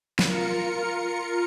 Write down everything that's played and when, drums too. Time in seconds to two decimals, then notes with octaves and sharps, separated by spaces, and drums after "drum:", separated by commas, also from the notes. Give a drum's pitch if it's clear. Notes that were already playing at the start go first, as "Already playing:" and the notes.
0.19 F4 A#4 C#7, drum: snare